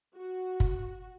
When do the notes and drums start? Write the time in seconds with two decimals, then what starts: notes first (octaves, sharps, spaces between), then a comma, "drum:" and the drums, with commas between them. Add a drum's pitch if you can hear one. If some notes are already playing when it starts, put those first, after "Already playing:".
0.16 F#4
0.60 drum: kick F#1